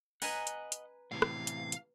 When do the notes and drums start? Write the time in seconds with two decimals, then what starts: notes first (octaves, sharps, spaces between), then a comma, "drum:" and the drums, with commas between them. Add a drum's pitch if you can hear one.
0.22 B4 D#5 F#5 G#5 A#5, drum: open hi-hat
0.47 drum: hi-hat
0.72 drum: hi-hat
1.12 A2 C3 E3 F5
1.22 drum: rim click
1.47 drum: hi-hat
1.72 drum: hi-hat